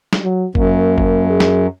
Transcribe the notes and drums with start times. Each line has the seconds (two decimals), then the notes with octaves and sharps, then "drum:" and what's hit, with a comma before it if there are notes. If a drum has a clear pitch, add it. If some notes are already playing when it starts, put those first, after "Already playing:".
0.13 drum: snare
0.24 F#3
0.55 F#2 A#3, drum: kick G1
0.98 drum: kick G1
1.30 G#4
1.40 drum: snare